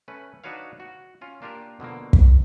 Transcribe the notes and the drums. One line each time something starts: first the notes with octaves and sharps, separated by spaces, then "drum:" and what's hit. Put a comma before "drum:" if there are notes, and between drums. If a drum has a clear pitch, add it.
A3 C#4 B4
D4 D#4 F#4 B4 C#5 F5
F#4
C#4 F4
A#3 D4 F4 G4 A#4
B2 D3 F3 A#3
drum: kick